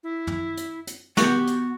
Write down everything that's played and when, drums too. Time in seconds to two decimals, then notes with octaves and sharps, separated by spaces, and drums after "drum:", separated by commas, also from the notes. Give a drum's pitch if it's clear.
0.03 E4
0.27 drum: tom
0.57 drum: hi-hat
0.87 drum: hi-hat
1.17 B3 F#4 G4, drum: snare
1.47 drum: hi-hat